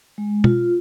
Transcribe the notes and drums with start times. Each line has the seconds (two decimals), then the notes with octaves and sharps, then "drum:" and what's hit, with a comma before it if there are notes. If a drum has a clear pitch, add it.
0.18 G#3
0.44 F4, drum: tom B2